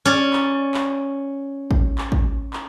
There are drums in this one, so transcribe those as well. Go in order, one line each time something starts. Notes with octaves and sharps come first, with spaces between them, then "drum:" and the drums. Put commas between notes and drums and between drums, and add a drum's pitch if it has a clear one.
C#4 D5
drum: clap
drum: clap
drum: kick A1
drum: clap
drum: kick A1
drum: clap